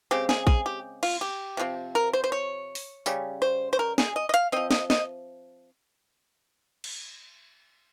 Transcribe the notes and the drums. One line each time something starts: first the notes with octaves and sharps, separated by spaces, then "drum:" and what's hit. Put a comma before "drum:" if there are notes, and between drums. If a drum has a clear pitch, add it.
C#3 G#3 C4 G4
G#4, drum: snare
G#4, drum: kick A#1
G4
F4, drum: cymbal
G4
C3 F3 G#3 C4
A#4
C5
C5
C#5
drum: open hi-hat
C#3 G3 C#4, drum: tambourine
C5
C5
A#4
G#4, drum: snare
D#5
D#5
F5, drum: hi-hat
F3 C4 D#5
D#5, drum: snare
D#5, drum: snare
drum: cymbal